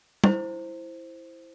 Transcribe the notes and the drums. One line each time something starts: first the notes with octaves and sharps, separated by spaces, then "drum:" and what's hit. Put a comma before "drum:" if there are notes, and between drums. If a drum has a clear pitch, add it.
E4 C5, drum: tom